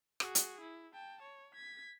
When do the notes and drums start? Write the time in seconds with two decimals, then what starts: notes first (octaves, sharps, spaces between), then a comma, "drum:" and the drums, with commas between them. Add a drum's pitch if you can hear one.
0.20 F#4 G#4, drum: rim click
0.35 drum: hi-hat
0.61 E4
0.94 G5 A5
1.22 C#5
1.55 G#6 B6